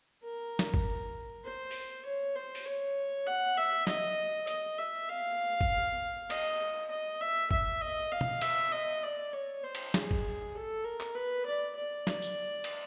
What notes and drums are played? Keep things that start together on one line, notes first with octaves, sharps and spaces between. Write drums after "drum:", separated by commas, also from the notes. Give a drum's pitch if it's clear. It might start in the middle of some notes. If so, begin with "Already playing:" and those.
A#4
drum: snare
drum: kick
C5
drum: open hi-hat
C#5
C5
drum: open hi-hat
C#5
F#5
E5
D#5, drum: snare
D#5, drum: hi-hat
E5
F5
drum: kick
D#5, drum: cymbal
D#5
E5
E5, drum: kick
D#5
F5
drum: tom
E5, drum: cymbal
D#5
D5
C#5
C5
drum: cymbal
G#4, drum: snare
drum: kick
A4
A#4
drum: clap
B4
D5
D5
drum: snare
drum: tambourine
drum: cymbal